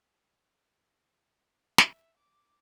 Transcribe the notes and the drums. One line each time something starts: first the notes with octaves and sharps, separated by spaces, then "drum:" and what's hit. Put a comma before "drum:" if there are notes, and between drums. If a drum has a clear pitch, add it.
E5, drum: snare
D6